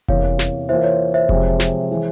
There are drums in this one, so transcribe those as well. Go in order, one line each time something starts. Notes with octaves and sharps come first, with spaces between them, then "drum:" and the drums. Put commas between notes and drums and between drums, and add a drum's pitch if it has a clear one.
E2 C3 E3 A#3 C#5 F5, drum: kick F1
drum: snare
E3 A#3 F4 C5 E5
C#5
C5 E5
C3 F3 G#3, drum: kick F1
drum: snare
E3 G#3